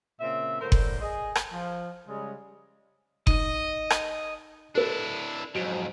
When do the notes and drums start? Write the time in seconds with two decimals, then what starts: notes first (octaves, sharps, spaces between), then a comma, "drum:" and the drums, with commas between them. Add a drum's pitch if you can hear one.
0.21 A#2 C#3 C4 E5
0.61 A2 D3 G3 A#4 C5
0.72 drum: kick F#1
1.01 G#4 D#5
1.35 drum: rim click
1.53 F3
2.07 C#3 G3 G#3
3.27 D#4 D#5 D#7, drum: kick F#1
3.90 drum: rim click
4.75 D4 E4 A4 B4
5.55 F2 G#2 F#3 D7